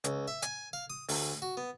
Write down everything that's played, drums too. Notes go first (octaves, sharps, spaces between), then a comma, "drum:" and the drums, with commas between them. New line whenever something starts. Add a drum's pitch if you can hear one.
C#2, drum: hi-hat
E5
G#5, drum: hi-hat
F5
D#6
D2, drum: open hi-hat
F#4
B3